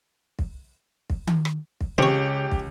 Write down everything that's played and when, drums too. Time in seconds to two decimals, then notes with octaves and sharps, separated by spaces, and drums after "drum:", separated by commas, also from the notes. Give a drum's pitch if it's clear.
0.39 drum: kick
1.10 drum: kick
1.27 drum: tom D#3
1.45 drum: rim click
1.81 drum: kick
1.98 C#2 C#3 C4 G4 C#5
2.52 drum: kick